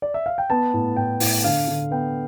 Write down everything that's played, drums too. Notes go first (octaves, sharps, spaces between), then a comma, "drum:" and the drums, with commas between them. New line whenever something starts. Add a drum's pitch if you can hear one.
D5
E5
F5
G5
B3 A5
A2
A2 G5
A2, drum: open hi-hat
D3 F5
D3
B3 G5